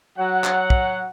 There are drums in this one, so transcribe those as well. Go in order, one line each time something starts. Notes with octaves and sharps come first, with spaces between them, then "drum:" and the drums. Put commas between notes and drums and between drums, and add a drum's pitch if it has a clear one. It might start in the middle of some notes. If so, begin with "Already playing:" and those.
F#3 F#5
drum: clap
drum: kick